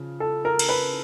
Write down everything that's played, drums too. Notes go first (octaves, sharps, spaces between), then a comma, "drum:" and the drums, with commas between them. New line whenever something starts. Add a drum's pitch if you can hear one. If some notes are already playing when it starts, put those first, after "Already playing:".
Already playing: C#3 F3
A4
A#4
drum: cymbal
B4